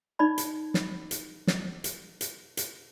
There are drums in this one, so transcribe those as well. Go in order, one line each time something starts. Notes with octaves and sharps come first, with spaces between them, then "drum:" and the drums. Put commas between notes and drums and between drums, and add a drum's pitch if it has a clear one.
D#4 D5 B5
drum: hi-hat
drum: snare
drum: hi-hat
drum: snare
drum: hi-hat
drum: hi-hat
drum: hi-hat